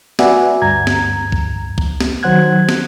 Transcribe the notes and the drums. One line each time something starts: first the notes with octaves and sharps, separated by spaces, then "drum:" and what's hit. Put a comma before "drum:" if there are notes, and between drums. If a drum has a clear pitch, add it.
F#4 B4 D5 E5 F#5 G#5, drum: snare
D2 G2 A#5 G#6
drum: snare
drum: kick C2
drum: kick C2
drum: snare
D#3 F#3 C5 F#5 F#6 G#6
drum: snare